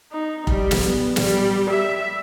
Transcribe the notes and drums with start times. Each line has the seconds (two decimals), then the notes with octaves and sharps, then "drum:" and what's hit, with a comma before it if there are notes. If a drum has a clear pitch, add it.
0.12 D#4
0.47 G3, drum: kick F1
0.71 drum: snare
0.85 B3
1.16 G3, drum: snare
1.70 E5